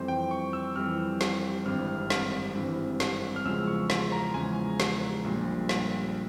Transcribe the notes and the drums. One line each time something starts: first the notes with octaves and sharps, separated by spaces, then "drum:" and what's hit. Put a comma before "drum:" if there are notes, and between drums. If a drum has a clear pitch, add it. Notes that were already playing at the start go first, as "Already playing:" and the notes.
Already playing: F2 E3 G3 C4 C5
G5
C#6
E6
F2 E3 G3 C4 F6
drum: snare
G#1 G2 E3 G3 C4 F6
F6
drum: snare
G#1 G2 E3 G3 C4
drum: snare
F6
E2 C#3 F3 G#3 C#4 E6
C#6
C6, drum: snare
A#5
E2 C#3 F3 G#3 C#4 G#5
drum: snare
A#1 A#2 G3
drum: snare